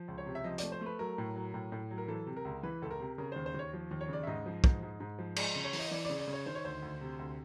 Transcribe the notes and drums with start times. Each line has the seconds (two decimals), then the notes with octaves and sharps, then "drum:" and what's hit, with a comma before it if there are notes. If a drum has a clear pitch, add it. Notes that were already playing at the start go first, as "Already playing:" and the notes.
Already playing: F3
0.08 C#2
0.18 C#5
0.26 C3
0.35 E5
0.44 F3 D#5
0.58 A3 D5, drum: hi-hat
0.72 C5
0.81 A3
0.86 B4
0.99 F#3 A#4
1.18 A2
1.36 F#3
1.54 A2
1.72 A2
1.91 F#3
1.98 A#4
2.08 E3 A4
2.27 C3
2.36 A#4
2.45 C#2
2.63 E3 B4
2.82 C#2 A4
2.91 A#4
3.00 C3
3.18 C#3 A#4
3.32 D#2 C5
3.46 C5
3.54 D#2 C#5
3.73 F3
3.91 D#2
4.01 C#5
4.09 C#3 D5
4.23 E5
4.27 G#2 D#5
4.46 F3
4.64 G#2, drum: kick
4.83 G#2
5.00 G#2
5.18 F3
5.36 G#3 D5, drum: cymbal
5.55 C#3
5.64 C#5
5.73 E3, drum: open hi-hat
5.79 D#5
5.91 E3 D5
6.05 D5
6.10 C#3
6.19 D5
6.28 C#3
6.33 C#5
6.46 D#3 C5
6.55 C#5
6.64 D2 C5
6.82 D2
7.01 C3
7.19 D2